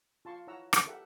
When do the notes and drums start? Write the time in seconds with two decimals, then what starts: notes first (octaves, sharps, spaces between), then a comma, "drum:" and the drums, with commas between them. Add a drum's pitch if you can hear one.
0.25 F4 A5 C6 C#6
0.47 E4 C#5 F#5 A#5 E6
0.73 drum: rim click
0.86 G4 A4 A#4 E5 F#5 G5